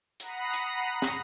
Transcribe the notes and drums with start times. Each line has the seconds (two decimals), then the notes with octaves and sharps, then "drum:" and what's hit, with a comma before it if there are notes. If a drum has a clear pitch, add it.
0.20 F#5 A#5 B5 D#6 A#6 C7, drum: hi-hat
0.53 drum: hi-hat
1.02 drum: snare